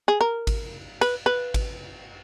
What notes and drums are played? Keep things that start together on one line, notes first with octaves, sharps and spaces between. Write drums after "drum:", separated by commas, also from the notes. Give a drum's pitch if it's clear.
G#4
A#4
drum: kick G#1, cymbal
B4, drum: cymbal
B4
drum: kick G#1, cymbal